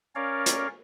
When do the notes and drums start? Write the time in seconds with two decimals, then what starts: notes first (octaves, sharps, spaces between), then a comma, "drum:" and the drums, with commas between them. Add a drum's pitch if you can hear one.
0.15 C#4 A#4 C#5 D5 F5
0.46 drum: hi-hat